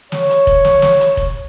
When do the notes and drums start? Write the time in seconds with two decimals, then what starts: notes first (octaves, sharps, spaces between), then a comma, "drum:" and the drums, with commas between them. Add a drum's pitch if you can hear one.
0.12 C#5, drum: snare
0.29 drum: hi-hat
0.47 drum: kick F1
0.65 drum: snare
0.82 drum: snare
1.00 drum: hi-hat
1.17 drum: kick F1